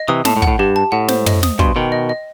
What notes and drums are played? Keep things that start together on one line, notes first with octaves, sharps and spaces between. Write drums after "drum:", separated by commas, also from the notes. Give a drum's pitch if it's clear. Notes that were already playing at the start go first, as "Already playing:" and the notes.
Already playing: D#5
C3 E3 D#6
A2 A5, drum: snare
A2
F#5, drum: kick
A2
G2 G4
A5
A2 F#5
C5, drum: snare
D#5, drum: tom
D#6, drum: snare
G2 B2 C6, drum: kick
B2 D#3 G5
D#5
D#5